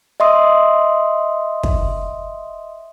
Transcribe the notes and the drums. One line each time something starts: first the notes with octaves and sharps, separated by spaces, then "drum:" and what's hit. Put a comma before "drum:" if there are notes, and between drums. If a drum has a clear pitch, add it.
D#5 E5 C6 D#6
drum: kick